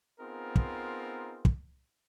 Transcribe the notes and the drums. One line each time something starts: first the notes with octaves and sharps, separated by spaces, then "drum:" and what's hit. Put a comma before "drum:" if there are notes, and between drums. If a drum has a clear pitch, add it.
B3 C4 D#4 F4 G#4 A#4
drum: kick
drum: kick